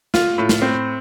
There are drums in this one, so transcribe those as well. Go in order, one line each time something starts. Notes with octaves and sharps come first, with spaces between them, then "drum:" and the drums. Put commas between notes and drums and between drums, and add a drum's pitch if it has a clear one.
F4, drum: snare
A2
drum: snare
C4